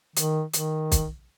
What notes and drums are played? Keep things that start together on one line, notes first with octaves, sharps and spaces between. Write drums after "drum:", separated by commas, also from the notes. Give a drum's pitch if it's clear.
D#3, drum: hi-hat
D#3, drum: hi-hat
drum: kick, hi-hat